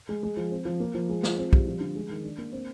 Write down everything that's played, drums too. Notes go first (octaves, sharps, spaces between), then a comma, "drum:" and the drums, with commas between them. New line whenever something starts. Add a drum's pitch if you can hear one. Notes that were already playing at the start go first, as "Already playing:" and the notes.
G#3
G#3
F3
C4
F3
A#3
F3
G#3
F3, drum: snare
C4
G3, drum: kick
F3
D3
G#3
D#3
D4
A#3
C4